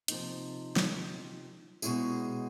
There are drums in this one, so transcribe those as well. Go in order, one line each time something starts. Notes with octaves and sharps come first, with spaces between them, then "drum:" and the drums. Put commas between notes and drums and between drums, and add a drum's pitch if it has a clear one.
C3 F3 A#3 D#4, drum: hi-hat
drum: snare
B2 G#3 C#4 E4 G#4, drum: tambourine